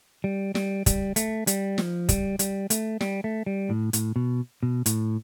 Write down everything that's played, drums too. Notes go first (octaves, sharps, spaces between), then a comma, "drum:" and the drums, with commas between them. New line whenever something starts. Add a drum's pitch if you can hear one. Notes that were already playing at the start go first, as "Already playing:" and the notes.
G3
G3, drum: snare
G3, drum: kick, hi-hat
A3, drum: hi-hat
G3, drum: hi-hat
F3, drum: snare
G3, drum: kick, hi-hat
G3, drum: hi-hat
A3, drum: hi-hat
G3, drum: snare
A3
G3
A2
A2, drum: hi-hat
B2
B2
A2, drum: hi-hat